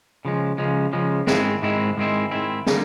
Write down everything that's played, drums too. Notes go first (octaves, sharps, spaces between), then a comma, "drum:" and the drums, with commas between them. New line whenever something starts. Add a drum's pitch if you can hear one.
C#3 F3 G#3
C#3 F3 G#3
C#3 F3 G#3
G#2 D#3 G#3 C4 E4, drum: snare
G#2 D#3 G#3 C4 E4
G#2 D#3 G#3 C4 E4
G#2 D#3 G#3 C4 E4
D3 G3 A#3, drum: snare